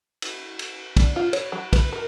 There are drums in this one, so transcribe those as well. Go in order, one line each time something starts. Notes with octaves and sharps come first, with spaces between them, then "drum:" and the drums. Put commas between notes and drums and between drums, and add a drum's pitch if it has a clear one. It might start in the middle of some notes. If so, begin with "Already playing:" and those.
drum: cymbal
drum: cymbal
D4, drum: kick, cymbal
F4
C#5, drum: cymbal
F#3
B4, drum: kick, cymbal
A#4